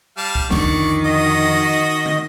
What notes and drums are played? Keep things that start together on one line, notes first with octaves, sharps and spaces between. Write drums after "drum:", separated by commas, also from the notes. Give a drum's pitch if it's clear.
G3 F5 A5
drum: kick C2
F2 D3 D#3 D5 C#6, drum: snare
drum: kick C2
F#4 D#5 D#6
drum: tom